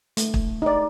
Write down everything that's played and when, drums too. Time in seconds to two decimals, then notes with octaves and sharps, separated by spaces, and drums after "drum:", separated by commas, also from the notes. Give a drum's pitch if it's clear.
0.17 A3, drum: hi-hat
0.34 drum: kick
0.62 D#4 D5